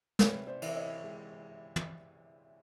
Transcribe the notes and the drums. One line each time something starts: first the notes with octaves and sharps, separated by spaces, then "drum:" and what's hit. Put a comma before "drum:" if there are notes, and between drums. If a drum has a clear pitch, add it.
C3 B4 C#5, drum: snare
C5 D5
E3, drum: cymbal
E5
C#5 D#5
G#3
drum: tom